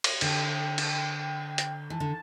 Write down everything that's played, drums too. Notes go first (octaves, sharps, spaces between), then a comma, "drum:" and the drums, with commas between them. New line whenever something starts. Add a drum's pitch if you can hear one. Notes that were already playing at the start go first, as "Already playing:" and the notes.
drum: cymbal
D3 G5, drum: cymbal
drum: cymbal
drum: hi-hat
E3 A5
D3